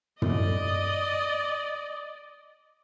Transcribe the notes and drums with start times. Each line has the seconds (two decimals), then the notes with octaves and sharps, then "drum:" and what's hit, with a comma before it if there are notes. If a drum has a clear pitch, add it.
0.22 D5 D#5, drum: tom